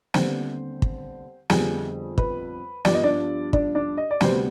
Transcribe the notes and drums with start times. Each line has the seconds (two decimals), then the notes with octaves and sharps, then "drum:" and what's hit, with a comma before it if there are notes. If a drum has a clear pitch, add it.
0.14 D#2 D3 G3 B3 C4 C5, drum: snare
0.82 drum: kick
1.50 F2 D3 G3 B3 G#4, drum: snare
2.18 B4, drum: kick
2.85 G2 F3 B3 D5, drum: snare
2.94 D#5
3.04 D4 D5
3.53 D4 D5, drum: kick
3.75 D4 D5
3.97 D#5
4.11 D5
4.21 D2 C3 G3 B3 C5, drum: snare